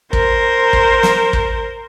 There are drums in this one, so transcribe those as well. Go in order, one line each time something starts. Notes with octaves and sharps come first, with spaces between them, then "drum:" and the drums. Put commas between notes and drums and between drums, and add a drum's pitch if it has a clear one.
A#4 C5, drum: kick
drum: kick
drum: snare
drum: kick